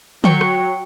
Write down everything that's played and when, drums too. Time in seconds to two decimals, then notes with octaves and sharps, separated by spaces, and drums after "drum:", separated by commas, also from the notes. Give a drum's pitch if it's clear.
0.24 F#3 G5 C#6, drum: tom
0.41 drum: rim click